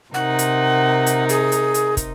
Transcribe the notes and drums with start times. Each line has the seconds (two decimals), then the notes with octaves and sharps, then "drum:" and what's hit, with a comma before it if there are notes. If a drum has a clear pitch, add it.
0.14 C3 D#4 A#4 F#5
0.39 drum: hi-hat
1.06 drum: hi-hat
1.29 G#4, drum: hi-hat
1.52 drum: hi-hat
1.74 drum: hi-hat
1.97 drum: kick, hi-hat